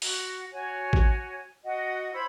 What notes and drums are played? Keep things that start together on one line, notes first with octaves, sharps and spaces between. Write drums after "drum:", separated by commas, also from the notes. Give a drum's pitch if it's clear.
F#4, drum: open hi-hat
F#4 C#5 G#5
drum: kick A1
F#4 D#5 F#5
E4 C5 C#5 B5